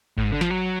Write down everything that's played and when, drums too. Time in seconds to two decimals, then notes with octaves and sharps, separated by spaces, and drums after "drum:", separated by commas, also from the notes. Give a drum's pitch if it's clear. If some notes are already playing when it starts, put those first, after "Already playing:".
0.17 A2, drum: kick G#1
0.24 G#2
0.32 D3
0.41 F3, drum: snare
0.50 F#3